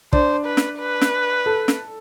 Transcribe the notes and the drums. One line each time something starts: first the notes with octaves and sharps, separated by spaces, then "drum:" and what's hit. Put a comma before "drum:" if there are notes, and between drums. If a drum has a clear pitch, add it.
D4 C5, drum: kick
B4
drum: snare
B4
drum: snare
A4
drum: snare